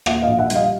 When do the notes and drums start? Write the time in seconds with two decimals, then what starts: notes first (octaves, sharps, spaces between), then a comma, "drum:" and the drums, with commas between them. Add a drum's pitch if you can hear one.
0.06 A#2 E5 F#5, drum: rim click
0.22 D#5 F5
0.28 A#1
0.39 E5 F#5
0.50 G3, drum: hi-hat
0.55 D#5 F5